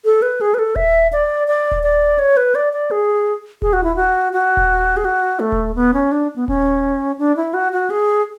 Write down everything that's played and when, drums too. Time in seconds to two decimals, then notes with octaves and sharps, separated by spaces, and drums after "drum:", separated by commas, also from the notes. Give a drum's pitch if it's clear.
0.05 A4
0.22 B4
0.41 G#4
0.54 B4
0.59 A4
0.76 E5, drum: kick D#1
1.13 D5
1.48 D5
1.71 drum: kick D#1
1.83 D5
2.19 C#5
2.37 B4
2.55 D5
2.73 D5
2.91 G#4
3.62 G#4, drum: kick D#1
3.73 F#4
3.84 E4
3.96 F#4
4.33 F#4
4.57 drum: kick D#1
4.97 G#4
5.05 F#4
5.40 A3
5.52 drum: kick D#1
5.75 B3
5.94 C#4
6.12 D4
6.36 B3
6.48 C#4, drum: kick D#1
7.19 D4
7.37 E4
7.54 F#4
7.72 F#4
7.90 G#4